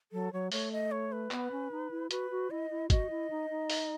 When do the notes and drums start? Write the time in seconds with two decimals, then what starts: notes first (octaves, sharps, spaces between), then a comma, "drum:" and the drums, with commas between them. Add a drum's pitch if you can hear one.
0.12 F#3 A4
0.33 F#3 C#5
0.52 A3 C#5, drum: open hi-hat
0.72 D#5
0.92 C#5
1.12 B4
1.31 B3, drum: clap
1.51 C#4
1.71 D#4
1.91 E4
2.11 F#4 B4, drum: hi-hat
2.31 F#4
2.51 E4 D#5
2.71 E4
2.90 F#4 D#5, drum: kick, hi-hat
3.10 E4
3.30 D#4
3.50 D#4
3.70 drum: open hi-hat